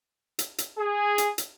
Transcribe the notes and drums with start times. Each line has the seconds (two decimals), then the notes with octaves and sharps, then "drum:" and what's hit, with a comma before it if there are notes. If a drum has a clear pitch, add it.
0.39 drum: hi-hat
0.58 drum: hi-hat
0.78 G#4
1.18 drum: hi-hat
1.38 drum: hi-hat